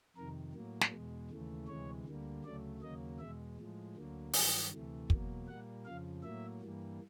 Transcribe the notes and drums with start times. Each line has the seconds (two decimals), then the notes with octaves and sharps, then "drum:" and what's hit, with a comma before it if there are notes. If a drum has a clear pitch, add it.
0.16 F2 C3 D#3 A#4
0.53 A2 F#3 A#3
0.81 drum: snare
0.92 E2 B2 G#3
1.30 D#2 C#3 E3 A3
1.68 D2 C3 E3 G#3 C#5
2.06 D2 D3 G3 A#3
2.44 D2 C#3 F#3 A3 D5
2.81 D#2 C#3 F#3 A#3 D#5
3.19 E2 B2 G#3 E5
3.57 A2 F3 G#3
3.95 D2 D3 F#3 A#3
4.33 G2 D#3 F#3, drum: open hi-hat
4.72 D2 C3 E3 A3
5.10 E2 B2 F#3 A#3, drum: kick
5.48 A#2 G3 A#3 F#5
5.85 F2 C#3 F3 F5
6.23 A2 F#3 A#3 E5
6.61 G2 E3 G3 A#3